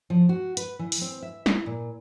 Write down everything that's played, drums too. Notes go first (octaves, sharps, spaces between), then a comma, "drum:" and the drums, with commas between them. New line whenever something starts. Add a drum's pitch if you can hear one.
F3
F#4
B4, drum: hi-hat
E3
drum: open hi-hat
C4
E5
E4, drum: snare
A#2